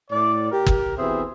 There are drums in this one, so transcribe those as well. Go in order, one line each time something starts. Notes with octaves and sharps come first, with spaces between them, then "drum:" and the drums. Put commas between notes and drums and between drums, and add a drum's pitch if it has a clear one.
A2 D5
G4 A#4
drum: kick
B2 E3 C4 G#4 C5 E5